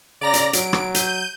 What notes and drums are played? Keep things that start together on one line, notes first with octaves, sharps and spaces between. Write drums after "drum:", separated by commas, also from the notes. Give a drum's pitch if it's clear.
C#3 D5 A#5 A#6
drum: hi-hat
F#3 D7, drum: hi-hat
drum: rim click
G6 D#7, drum: hi-hat